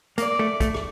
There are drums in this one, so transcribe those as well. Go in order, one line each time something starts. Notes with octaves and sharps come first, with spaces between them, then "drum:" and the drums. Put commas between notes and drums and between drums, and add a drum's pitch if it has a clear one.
A#3 D5, drum: hi-hat
A3
A3, drum: kick, hi-hat
drum: rim click